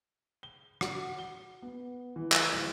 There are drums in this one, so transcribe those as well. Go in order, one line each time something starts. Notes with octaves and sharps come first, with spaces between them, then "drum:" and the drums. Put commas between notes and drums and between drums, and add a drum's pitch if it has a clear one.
G7
F#4, drum: rim click
G7
B3
E3
drum: clap
D1